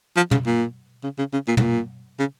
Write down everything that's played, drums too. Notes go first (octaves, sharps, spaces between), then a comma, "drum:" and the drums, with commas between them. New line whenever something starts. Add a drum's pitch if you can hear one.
F3
C#3, drum: tom
A#2
C#3
C#3
C#3
A#2
G#2, drum: tom
A#2
C#3